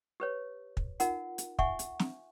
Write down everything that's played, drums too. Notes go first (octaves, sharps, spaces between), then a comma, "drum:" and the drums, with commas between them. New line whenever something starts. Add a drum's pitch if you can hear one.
G4 B4 C#5
drum: kick
D#4 F4 A#4 F#5, drum: hi-hat
drum: hi-hat
E5 F#5 G#5 C#6, drum: kick
drum: hi-hat
drum: snare